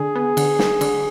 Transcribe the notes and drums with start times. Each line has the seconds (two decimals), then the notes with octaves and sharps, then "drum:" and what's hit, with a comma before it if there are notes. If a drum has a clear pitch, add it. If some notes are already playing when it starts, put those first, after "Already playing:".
Already playing: D3 G#4
0.16 B3
0.37 D3, drum: cymbal
0.59 G#3, drum: snare
0.81 D3, drum: cymbal